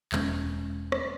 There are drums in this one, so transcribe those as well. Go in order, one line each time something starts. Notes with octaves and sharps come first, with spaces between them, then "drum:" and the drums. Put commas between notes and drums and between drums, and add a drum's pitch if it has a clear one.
E1 G#3 A3 C#4, drum: clap
drum: rim click